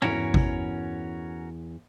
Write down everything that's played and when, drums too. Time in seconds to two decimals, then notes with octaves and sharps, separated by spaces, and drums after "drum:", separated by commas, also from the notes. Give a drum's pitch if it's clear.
0.02 E2 C#4 E4 F#4 A#4, drum: tom G2
0.34 drum: kick A1